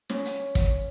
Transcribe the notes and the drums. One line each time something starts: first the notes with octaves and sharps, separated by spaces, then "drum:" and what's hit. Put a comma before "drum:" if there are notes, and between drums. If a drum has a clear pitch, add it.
C#4 C#5, drum: snare
drum: hi-hat
drum: kick, hi-hat